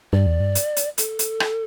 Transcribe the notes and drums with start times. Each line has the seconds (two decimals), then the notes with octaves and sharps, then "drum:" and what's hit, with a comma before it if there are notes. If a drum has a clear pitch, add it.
0.13 G2 D5
0.26 E2
0.40 G2
0.55 drum: hi-hat
0.77 drum: hi-hat
0.98 A4, drum: hi-hat
1.19 drum: hi-hat
1.40 drum: rim click